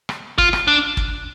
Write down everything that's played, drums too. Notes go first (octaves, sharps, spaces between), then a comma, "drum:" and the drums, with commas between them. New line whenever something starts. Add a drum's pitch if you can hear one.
drum: rim click
F4, drum: kick
drum: rim click
D4
drum: kick